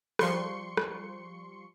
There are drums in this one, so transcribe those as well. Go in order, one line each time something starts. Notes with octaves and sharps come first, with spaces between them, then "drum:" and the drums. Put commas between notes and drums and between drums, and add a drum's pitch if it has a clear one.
F3 G3 C6 C#6 C#7, drum: rim click
drum: rim click